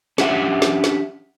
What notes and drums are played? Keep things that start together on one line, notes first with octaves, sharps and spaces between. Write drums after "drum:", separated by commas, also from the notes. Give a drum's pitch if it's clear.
C#4 D4 G4 E5 F#5, drum: snare
drum: snare
drum: snare